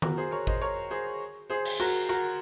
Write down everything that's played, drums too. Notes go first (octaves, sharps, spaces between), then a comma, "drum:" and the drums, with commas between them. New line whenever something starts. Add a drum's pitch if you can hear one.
F#4 A#4, drum: tom D#3
G#4 C5
A#4 C#5
C5 D#5, drum: kick G#1
A#4 C#5
G#4 C5
G#4 C5
drum: cymbal
F#4 A#4
F#4 A#4